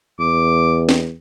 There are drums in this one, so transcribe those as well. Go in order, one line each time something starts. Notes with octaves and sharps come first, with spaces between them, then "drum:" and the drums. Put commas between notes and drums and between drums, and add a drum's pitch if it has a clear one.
E2 D6
drum: snare